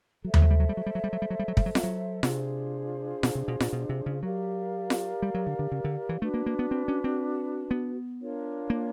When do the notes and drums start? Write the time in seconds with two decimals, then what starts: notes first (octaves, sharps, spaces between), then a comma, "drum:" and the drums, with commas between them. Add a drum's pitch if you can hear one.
0.24 F#3 A4 C5 E5
0.34 G3, drum: tom D#2
0.42 F#3
0.50 G3
0.60 F#3
0.69 G3
0.77 F#3
0.86 G3
0.95 F#3
1.04 G3
1.13 F#3
1.22 G3
1.30 F#3
1.39 G3
1.48 F#3
1.57 G3, drum: kick
1.66 F#3
1.75 G3, drum: snare F4
1.83 F#3
2.23 C3 D4 F4 G#4 C5, drum: snare F4
3.23 B2, drum: snare F4
3.35 C3
3.48 B2
3.60 A#2, drum: snare F4
3.73 B2
3.89 C3
4.06 C#3
4.23 F#3 G4 A#4 D5 F5
4.90 drum: snare F4
5.22 G3
5.34 F#3
5.47 D3
5.59 D3
5.72 C#3
5.84 D3
6.09 E3
6.21 A3 D4 F#4 B4
6.34 A#3
6.46 A#3
6.59 B3
6.71 C4
6.88 C#4
7.04 C4
7.71 B3
8.20 D4 F4 A#4 C#5
8.70 A#3